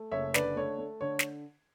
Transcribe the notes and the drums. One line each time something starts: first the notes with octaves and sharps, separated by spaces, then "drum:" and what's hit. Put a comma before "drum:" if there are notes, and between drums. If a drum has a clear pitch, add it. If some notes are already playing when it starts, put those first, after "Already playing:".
Already playing: A3
F#1 C#5 E5
D3 B4 D5, drum: snare
A3 C#5
A3
D3 C#5
drum: snare